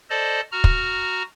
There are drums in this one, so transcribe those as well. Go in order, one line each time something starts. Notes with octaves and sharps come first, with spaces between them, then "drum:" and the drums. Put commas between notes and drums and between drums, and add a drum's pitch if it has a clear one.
A4 C5 D5 D#5 A5
F#4 A#5 F6
drum: kick